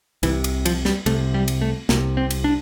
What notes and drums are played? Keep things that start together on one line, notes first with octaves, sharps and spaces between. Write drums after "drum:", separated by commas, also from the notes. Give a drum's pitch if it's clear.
C2 C3 E3, drum: cymbal
drum: cymbal
F3, drum: cymbal
G3, drum: snare
C2 C3 A3, drum: cymbal
G3
drum: cymbal
A3
C2 C3 A#3, drum: snare
C4
drum: cymbal
D4